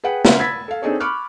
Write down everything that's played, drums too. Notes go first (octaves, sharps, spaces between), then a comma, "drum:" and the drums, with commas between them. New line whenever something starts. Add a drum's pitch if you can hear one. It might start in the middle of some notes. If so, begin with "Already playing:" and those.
G#4 B4 F#5 G5
C#3 E5 F5 C6, drum: snare
B5 E6 G#6 A6 B6
A4 F5
C4 D4 D#4 G#4 A4 C#5
B5 C#6 D6 F6 F#6